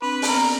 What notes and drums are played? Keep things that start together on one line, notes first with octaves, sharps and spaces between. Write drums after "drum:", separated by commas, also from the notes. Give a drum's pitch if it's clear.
C4 D4 B4
C4, drum: open hi-hat
B3 C#4 A#4